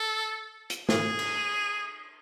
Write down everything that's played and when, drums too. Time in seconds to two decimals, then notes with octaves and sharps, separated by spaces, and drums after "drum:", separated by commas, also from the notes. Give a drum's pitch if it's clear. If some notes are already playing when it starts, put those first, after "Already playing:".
Already playing: A4
0.70 drum: hi-hat
0.89 G#4, drum: snare
1.19 drum: cymbal